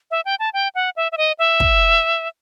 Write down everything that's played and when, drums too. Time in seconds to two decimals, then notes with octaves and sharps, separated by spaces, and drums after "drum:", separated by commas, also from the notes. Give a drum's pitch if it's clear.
0.11 E5
0.25 G5
0.39 A5
0.53 G5
0.75 F#5
0.96 E5
1.12 E5
1.17 D#5
1.39 E5
1.60 drum: kick